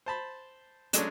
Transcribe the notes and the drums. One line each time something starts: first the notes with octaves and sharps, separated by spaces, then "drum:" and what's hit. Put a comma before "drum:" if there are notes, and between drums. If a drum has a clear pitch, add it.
C5 A5 B5
F#3 G#3 A3 C#4 D4, drum: hi-hat